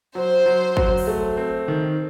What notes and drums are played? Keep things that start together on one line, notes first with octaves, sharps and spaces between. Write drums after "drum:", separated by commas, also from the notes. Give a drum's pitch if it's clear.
F#3 C5
F#3
F#3, drum: kick
drum: open hi-hat
A3
C4
D#3